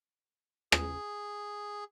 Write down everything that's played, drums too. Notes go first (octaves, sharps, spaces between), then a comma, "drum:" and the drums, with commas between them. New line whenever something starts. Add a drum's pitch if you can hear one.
G#4, drum: rim click